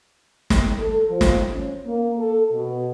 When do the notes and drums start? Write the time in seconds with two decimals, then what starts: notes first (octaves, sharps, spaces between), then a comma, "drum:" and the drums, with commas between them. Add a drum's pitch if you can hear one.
0.50 drum: snare
0.80 A4
1.11 F3
1.21 drum: snare
1.51 C#4
1.85 A#3
2.18 A4
2.52 B2